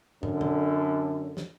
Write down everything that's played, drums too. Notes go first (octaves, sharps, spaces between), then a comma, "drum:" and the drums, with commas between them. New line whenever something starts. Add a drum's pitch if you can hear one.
F#2 D3, drum: tom
drum: tom
drum: snare